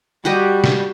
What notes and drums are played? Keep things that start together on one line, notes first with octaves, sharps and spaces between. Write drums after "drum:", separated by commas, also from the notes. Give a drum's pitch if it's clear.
G3 F#4 G4 D#5
drum: snare